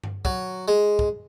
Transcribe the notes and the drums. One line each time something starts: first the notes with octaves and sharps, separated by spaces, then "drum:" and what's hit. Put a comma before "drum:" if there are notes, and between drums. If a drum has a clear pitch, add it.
drum: tom G2
F#3, drum: kick
G#3
drum: kick